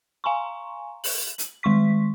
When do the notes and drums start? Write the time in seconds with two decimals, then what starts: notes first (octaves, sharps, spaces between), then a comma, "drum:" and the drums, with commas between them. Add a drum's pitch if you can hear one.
0.24 F5 G#5 A#5 C6 C#6
1.04 F#7, drum: open hi-hat
1.38 drum: hi-hat
1.63 D#3 G#3 C6 C#6 B6